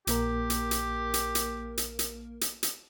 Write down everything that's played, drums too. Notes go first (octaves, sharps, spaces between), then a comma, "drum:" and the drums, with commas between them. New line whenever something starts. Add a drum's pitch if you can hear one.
A#1 A#3 G4 A#4, drum: hi-hat
drum: hi-hat
drum: hi-hat
drum: hi-hat
drum: hi-hat
drum: hi-hat
drum: hi-hat
drum: hi-hat
drum: hi-hat